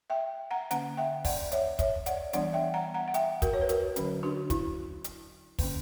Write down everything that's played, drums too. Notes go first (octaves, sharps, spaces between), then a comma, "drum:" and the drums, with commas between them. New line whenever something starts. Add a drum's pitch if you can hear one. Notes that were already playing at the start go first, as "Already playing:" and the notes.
E5 G5
F#5 A#5
D3 A#3 C#4 F#5 A#5, drum: hi-hat
E5 G5
D5 F#5, drum: kick, open hi-hat
C#5 E5, drum: hi-hat
C#5 E5, drum: kick, hi-hat
D5 F#5, drum: hi-hat
E3 G3 B3 D4 D5 F#5, drum: hi-hat
E5 G5
F#5 A#5
F#5 A#5
F#5
E5 G5, drum: hi-hat
F#4 A#4, drum: kick, hi-hat
C#5
B4
F#4 A#4, drum: hi-hat
D3 F#3 C#4, drum: hi-hat
D4 F#4
E4, drum: kick, hi-hat
drum: hi-hat
D3 A#3 C#4, drum: kick, open hi-hat